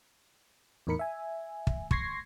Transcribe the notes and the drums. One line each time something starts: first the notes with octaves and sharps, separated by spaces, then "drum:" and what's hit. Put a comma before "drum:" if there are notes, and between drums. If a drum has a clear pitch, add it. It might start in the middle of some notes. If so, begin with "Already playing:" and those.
E2 A2 D#4 A#4 B5 C#7
E5 G#5
drum: kick
C6 C#6 G#6 A#6 C7, drum: kick